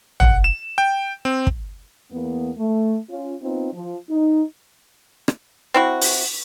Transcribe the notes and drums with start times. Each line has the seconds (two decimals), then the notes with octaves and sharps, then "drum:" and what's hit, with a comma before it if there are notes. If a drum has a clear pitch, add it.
0.20 F#5, drum: tom
0.44 E7
0.78 G5
1.25 C4
1.47 drum: kick
2.12 E2 A#3 B3
2.57 A3
3.09 C#4 F4
3.42 B3 C4 D#4 F4
3.73 F3
4.09 D#4
5.28 drum: rim click
5.74 C4 E4 F#4
6.02 drum: open hi-hat